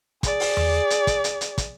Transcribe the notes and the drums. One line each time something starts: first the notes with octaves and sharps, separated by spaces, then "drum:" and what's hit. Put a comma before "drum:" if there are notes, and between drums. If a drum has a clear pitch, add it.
G#4 D5, drum: kick, hi-hat
drum: open hi-hat
drum: tom E2
drum: hi-hat
drum: kick, hi-hat
drum: hi-hat
drum: hi-hat
drum: kick, hi-hat